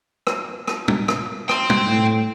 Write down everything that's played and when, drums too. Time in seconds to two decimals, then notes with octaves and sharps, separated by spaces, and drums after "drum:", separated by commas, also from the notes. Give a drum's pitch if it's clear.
0.27 drum: rim click
0.67 drum: rim click
0.88 drum: tom
1.08 drum: rim click
1.49 G5 C6, drum: rim click
1.70 drum: tom
1.86 A2